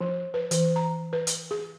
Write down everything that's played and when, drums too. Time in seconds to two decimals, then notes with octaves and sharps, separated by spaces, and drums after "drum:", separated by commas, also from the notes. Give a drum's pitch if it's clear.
0.01 F3
0.34 B4
0.51 E3, drum: hi-hat
0.76 A#5
1.13 B4
1.27 drum: hi-hat
1.51 G#4